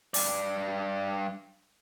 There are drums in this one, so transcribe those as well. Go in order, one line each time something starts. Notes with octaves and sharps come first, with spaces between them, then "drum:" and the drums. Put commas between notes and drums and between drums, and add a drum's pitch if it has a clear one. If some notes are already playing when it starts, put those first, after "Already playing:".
G2 D5, drum: open hi-hat